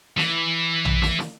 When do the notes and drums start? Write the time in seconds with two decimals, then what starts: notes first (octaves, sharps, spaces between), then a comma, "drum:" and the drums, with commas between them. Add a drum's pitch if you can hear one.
0.18 E3, drum: snare
0.85 drum: tom A#1
1.02 drum: snare
1.19 drum: snare